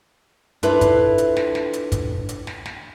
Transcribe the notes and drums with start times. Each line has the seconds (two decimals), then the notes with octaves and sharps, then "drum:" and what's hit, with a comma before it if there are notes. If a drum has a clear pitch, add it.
0.63 D4 E4 F4 A4 B4 C5, drum: hi-hat
0.81 drum: kick, hi-hat
1.18 drum: hi-hat
1.36 drum: snare
1.55 drum: snare
1.73 drum: hi-hat
1.92 drum: kick, hi-hat
2.29 drum: hi-hat
2.47 drum: snare
2.66 drum: snare